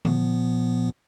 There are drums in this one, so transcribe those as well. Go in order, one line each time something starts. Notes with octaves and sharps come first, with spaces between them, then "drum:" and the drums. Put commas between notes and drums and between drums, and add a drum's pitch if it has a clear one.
A#2 F3 B3, drum: tom D3